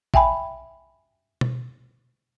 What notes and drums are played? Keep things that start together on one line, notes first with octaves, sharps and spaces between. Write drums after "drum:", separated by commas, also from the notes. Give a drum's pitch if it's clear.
E5 G5 G#5 B5, drum: kick
drum: tom B2